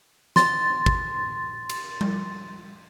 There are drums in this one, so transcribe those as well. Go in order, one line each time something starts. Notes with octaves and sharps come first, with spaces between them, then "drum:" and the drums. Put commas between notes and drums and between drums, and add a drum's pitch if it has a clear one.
C6 A6, drum: snare
drum: kick
drum: cymbal
drum: tom G3